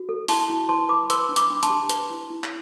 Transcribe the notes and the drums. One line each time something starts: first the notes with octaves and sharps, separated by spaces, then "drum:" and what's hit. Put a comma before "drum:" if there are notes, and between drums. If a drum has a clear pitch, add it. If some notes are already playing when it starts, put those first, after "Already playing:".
Already playing: F#4
A4
E4 A5 C6, drum: open hi-hat
E4
B4 A5 C6
B4 B5 D6
B4 C6 E6, drum: hi-hat
D4
B5 D6, drum: hi-hat
D4
A5 C6, drum: hi-hat
G4
B4, drum: hi-hat
E4
E4
drum: clap